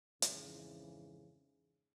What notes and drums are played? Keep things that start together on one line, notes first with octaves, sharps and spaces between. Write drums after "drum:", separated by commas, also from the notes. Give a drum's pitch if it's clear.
F2 G#2 C#3 E3, drum: hi-hat